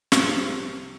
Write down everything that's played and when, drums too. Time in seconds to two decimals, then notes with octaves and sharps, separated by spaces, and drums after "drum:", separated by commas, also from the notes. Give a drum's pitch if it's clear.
0.12 C2 C3 F3 G4 C5, drum: snare